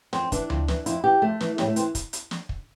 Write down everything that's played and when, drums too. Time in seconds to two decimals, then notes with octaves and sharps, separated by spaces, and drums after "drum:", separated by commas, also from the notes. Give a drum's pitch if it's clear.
0.13 F2 C4, drum: snare
0.32 E3 D4, drum: kick, hi-hat
0.50 F2, drum: tom D2
0.68 E3, drum: snare
0.86 F2 E4, drum: hi-hat
1.04 E3 G4
1.22 F2 A3
1.40 E3, drum: snare
1.58 A2 G3, drum: snare
1.67 A3
1.76 E3 C4, drum: hi-hat
1.95 drum: kick, hi-hat
2.13 drum: hi-hat
2.31 drum: snare
2.49 drum: kick